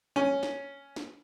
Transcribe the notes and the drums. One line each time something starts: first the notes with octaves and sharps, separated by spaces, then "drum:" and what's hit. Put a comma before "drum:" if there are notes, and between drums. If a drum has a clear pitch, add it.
C#4
drum: snare
drum: snare